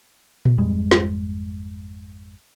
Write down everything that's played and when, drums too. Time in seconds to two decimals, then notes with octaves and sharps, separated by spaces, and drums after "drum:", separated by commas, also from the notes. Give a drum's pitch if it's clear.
0.45 drum: tom A#2
0.58 G#1 F2 G3 G#3
0.91 drum: snare